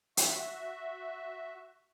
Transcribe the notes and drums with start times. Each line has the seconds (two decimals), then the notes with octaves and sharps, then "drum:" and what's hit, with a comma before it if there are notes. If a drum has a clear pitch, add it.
0.17 F#4 E5, drum: hi-hat